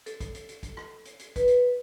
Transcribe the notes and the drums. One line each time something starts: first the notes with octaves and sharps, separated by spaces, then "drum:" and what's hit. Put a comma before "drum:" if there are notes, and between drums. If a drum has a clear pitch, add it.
A4, drum: hi-hat
drum: kick, hi-hat
drum: hi-hat
drum: hi-hat
drum: kick, hi-hat
drum: rim click
drum: hi-hat
drum: hi-hat
B4, drum: kick, hi-hat
drum: hi-hat